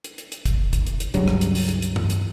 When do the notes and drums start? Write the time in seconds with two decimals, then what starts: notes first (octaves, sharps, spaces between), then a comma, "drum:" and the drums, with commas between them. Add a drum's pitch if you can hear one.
0.04 drum: hi-hat
0.18 drum: hi-hat
0.32 drum: hi-hat
0.45 drum: kick, hi-hat
0.73 drum: kick, hi-hat
0.87 drum: hi-hat
1.00 drum: hi-hat
1.14 C#2 G2 F#3, drum: hi-hat
1.28 drum: rim click
1.41 drum: hi-hat
1.55 drum: open hi-hat
1.69 drum: hi-hat
1.82 drum: hi-hat
1.96 drum: tom G2
2.10 drum: hi-hat